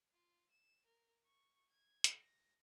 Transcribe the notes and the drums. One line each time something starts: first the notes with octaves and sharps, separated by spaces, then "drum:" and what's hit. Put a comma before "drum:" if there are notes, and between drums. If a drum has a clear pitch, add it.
F4
E7
A#4
C#6
G#6
drum: hi-hat
A#6